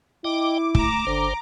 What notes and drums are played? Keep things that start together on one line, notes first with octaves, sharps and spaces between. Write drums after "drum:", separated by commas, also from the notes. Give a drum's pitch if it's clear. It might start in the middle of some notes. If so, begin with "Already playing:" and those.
E4 D#5 G5 D6
A3 A#5 D6, drum: kick
G1 D3 C5